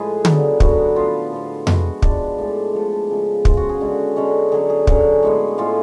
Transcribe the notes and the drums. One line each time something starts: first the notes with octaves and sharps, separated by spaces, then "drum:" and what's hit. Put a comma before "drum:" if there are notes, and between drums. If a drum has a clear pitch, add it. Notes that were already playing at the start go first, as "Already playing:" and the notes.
Already playing: A2 F3 G#3 G#4 B4
D3 F#3 B3, drum: tom D3
D3 F#3 B3 F#4, drum: kick
A2 F3 B3 F4
A2 F3 B3
F3 G#3 B3 F#4, drum: tom F2
F3 G#3 B3 D4, drum: kick
A2 F3 G#3
A2 F3 G#3
C#3 F3 G#3
C#3 F3 G#3 F4, drum: kick
F#4
G#4
D3 G#3 C#4
D3 G#3 C#4
D3 F#3 C#4 G#4
G#4
D3 F#3 C#4, drum: kick
A2 G#3 B3
A2 G#3 B3 F4